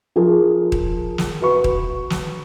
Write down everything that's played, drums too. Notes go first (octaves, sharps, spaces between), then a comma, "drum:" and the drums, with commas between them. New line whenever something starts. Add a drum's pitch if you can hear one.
F3 G#4 A#4
drum: kick D#1
drum: snare
F#4 B4 C#6
drum: kick D#1
drum: snare